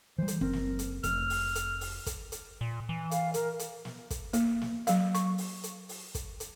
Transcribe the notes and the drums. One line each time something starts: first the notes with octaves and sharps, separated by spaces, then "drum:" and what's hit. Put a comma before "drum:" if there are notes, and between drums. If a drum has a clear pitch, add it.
E3 G3 C5
drum: hi-hat
F#1 C4 A#4
drum: snare
drum: hi-hat
F1 F6, drum: hi-hat
drum: open hi-hat
drum: hi-hat
drum: open hi-hat
drum: kick, hi-hat
drum: hi-hat
A#2
E3
F5, drum: hi-hat
A#4, drum: hi-hat
drum: hi-hat
drum: snare
drum: kick, hi-hat
A#3, drum: hi-hat
drum: snare
F#3 F5, drum: hi-hat
C#6, drum: hi-hat
drum: open hi-hat
drum: hi-hat
drum: open hi-hat
drum: kick, hi-hat
drum: hi-hat